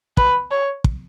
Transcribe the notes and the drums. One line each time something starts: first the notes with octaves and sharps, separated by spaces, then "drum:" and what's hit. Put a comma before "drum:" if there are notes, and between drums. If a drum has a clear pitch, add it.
B4, drum: kick
C#5
drum: kick